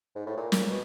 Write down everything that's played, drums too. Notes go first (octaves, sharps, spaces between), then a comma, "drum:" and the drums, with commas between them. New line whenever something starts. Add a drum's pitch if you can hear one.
G#2
A2
A#2
A#2, drum: snare
B2